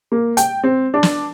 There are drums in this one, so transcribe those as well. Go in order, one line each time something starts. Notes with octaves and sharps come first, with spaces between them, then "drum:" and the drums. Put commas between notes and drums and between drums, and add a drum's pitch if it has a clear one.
A#3
G5, drum: hi-hat
C4
D4
drum: snare